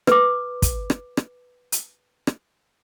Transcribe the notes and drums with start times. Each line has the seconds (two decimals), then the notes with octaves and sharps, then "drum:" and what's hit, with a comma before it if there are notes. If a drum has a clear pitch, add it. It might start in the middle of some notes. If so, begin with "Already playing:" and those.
0.07 B4 D6, drum: rim click
0.62 drum: kick, hi-hat
0.90 drum: rim click
1.17 drum: rim click
1.72 drum: hi-hat
2.27 drum: rim click